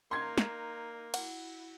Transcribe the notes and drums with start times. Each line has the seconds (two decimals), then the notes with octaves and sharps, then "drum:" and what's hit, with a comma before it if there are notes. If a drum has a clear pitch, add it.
0.11 A#3 D#4 C6 G#6
0.38 drum: snare
1.14 E4 F#4 F#5, drum: cymbal